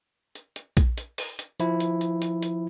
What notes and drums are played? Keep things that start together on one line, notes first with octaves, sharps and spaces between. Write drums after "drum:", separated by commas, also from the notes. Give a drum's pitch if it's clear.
drum: hi-hat
drum: hi-hat
drum: kick A#1, hi-hat
drum: hi-hat
drum: open hi-hat
drum: hi-hat
F3 E4, drum: hi-hat
drum: hi-hat
drum: hi-hat
drum: hi-hat
drum: hi-hat